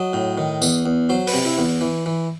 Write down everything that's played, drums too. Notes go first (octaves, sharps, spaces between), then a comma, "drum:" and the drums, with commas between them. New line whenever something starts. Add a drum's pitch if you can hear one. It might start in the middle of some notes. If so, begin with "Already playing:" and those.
Already playing: F#3 D#5
A2
D#3
E2, drum: tambourine
E2
F#3 C5
B4, drum: open hi-hat
C3
E4
E2
E3
E3